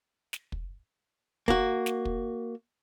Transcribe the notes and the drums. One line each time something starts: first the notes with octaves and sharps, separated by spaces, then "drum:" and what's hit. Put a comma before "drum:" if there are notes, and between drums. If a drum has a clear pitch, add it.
drum: snare
drum: kick
A#3 F#4, drum: kick
drum: snare
drum: kick